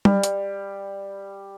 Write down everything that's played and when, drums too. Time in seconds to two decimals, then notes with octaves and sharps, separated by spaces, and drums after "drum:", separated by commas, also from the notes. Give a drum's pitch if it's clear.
0.05 G3, drum: tom G3
0.24 drum: hi-hat